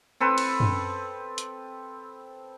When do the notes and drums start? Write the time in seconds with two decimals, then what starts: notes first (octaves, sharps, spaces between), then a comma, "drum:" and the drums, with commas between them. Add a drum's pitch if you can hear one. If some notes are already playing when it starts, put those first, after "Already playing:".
0.20 C4 A4 B4
0.38 drum: cymbal
0.60 drum: tom F#2
1.38 drum: hi-hat